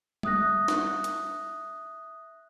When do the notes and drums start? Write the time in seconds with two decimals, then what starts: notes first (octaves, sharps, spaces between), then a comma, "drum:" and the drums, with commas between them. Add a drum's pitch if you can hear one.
0.23 E5 D#6 F#6 A#6, drum: tom G3
0.68 drum: snare
1.04 drum: hi-hat